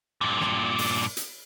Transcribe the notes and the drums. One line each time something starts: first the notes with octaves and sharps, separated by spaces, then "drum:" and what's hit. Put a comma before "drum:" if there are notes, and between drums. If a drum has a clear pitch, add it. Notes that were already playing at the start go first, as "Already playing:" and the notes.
G2 A#2
drum: snare
drum: open hi-hat
drum: hi-hat